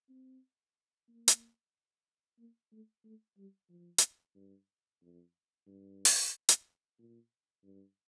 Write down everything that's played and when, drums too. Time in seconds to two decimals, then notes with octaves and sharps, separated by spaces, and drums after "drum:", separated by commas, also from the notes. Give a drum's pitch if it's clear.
0.09 C4
1.08 A#3
1.28 drum: hi-hat
2.39 A#3
2.72 A3
3.04 A3
3.38 G3
3.69 F3
3.98 drum: hi-hat
4.35 G2
5.02 F2
5.66 G2
6.05 drum: open hi-hat
6.49 drum: hi-hat
6.99 A#2
7.63 G2